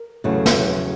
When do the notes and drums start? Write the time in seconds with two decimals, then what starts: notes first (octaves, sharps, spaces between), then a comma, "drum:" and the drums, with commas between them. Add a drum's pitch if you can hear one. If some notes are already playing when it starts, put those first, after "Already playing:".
Already playing: A#4
0.24 E2 C#3 F#3 A3
0.46 drum: snare